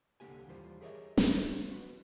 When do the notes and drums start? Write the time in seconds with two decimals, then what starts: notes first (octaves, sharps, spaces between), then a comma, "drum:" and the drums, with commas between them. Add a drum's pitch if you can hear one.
0.20 C2 D3 D#3 A#3 G4 G#5
0.47 D#2 E3 G3 F4 C5
0.81 G4 G#4 A#4 C#5 D#5 E5
1.18 A#4, drum: snare
1.54 E3 A#3 C5
1.71 F#4 B4